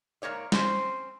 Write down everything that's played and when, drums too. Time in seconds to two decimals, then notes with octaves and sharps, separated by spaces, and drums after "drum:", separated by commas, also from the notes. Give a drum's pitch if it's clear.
0.22 G#2 C3 A#3 C#5 D5
0.52 C4 C#4 C5, drum: snare